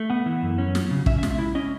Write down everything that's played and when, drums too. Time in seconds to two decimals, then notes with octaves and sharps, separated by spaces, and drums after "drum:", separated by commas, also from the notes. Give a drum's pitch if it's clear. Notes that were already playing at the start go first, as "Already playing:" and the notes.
Already playing: A3
0.10 B3 F#5
0.26 E3
0.42 F#2
0.58 C#4
0.75 F#3, drum: snare
0.91 C#3
1.06 C#4 E5, drum: kick
1.19 E5
1.23 G#3, drum: snare
1.31 E5
1.39 E4
1.55 C#4 D#5